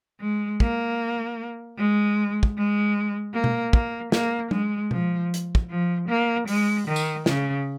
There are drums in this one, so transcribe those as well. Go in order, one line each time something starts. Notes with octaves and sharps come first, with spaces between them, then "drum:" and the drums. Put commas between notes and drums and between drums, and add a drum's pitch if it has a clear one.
G#3
A#3, drum: kick
G#3
drum: kick
G#3
A#3
drum: tom B2
A#3, drum: kick
A#3, drum: snare
G#3, drum: tom
F3, drum: tom B2
drum: hi-hat
drum: kick
F3
A#3
G#3, drum: open hi-hat
D#3
drum: tambourine
C#3, drum: snare